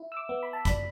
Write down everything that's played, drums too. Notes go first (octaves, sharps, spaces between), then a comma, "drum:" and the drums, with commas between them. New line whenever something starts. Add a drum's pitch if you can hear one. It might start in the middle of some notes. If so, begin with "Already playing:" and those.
Already playing: E4
E6
D6
B3
B5
A5
D4 B5, drum: kick, hi-hat